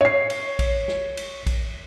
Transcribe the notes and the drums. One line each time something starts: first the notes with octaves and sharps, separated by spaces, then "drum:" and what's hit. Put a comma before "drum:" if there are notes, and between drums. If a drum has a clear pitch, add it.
C#5 C7
drum: cymbal
drum: kick, cymbal
drum: snare
drum: cymbal
drum: kick, cymbal